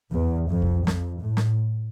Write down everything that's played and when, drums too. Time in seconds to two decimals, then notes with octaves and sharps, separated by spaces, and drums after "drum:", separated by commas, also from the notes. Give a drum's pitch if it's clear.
0.12 E2
0.50 F2
0.62 drum: kick
0.87 F2, drum: snare
1.24 A2
1.37 drum: snare